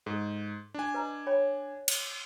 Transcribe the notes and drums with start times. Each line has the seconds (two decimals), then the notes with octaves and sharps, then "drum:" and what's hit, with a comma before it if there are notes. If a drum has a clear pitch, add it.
0.06 G#2 A4
0.74 D4 G#5
0.94 B4 D#5 A#5
1.27 C#5 G5 B5
1.88 drum: cymbal